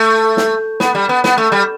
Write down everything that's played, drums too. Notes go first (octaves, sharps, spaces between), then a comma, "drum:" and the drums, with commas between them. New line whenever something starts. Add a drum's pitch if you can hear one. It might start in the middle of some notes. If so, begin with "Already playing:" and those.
Already playing: A3
drum: snare
B3, drum: snare
G3
B3
B3, drum: snare
A3
G3